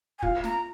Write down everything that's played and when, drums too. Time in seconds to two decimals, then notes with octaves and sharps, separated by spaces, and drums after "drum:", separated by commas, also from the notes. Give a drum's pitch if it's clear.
0.18 G#5
0.22 F4 F5, drum: kick
0.44 A#5, drum: snare